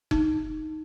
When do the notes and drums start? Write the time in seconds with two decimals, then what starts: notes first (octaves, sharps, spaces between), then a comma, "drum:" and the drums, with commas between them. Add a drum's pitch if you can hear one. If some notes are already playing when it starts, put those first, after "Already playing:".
0.11 D#4, drum: kick F1